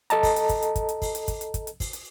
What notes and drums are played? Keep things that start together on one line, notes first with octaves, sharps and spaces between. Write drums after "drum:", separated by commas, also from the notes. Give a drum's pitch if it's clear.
A4 D#5 A5 A#5, drum: hi-hat
drum: kick, open hi-hat
drum: hi-hat
drum: kick, hi-hat
drum: hi-hat
drum: kick, hi-hat
drum: hi-hat
drum: kick, open hi-hat
drum: hi-hat
drum: kick, hi-hat
drum: hi-hat
drum: kick, hi-hat
drum: hi-hat
drum: kick, open hi-hat
drum: hi-hat